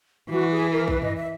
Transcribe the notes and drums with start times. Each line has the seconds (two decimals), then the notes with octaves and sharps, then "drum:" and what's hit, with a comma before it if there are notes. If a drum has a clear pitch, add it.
0.29 E3 F#4
0.51 G#4
0.73 A#4
0.88 B4, drum: kick B1
1.02 D#5, drum: tom
1.17 E5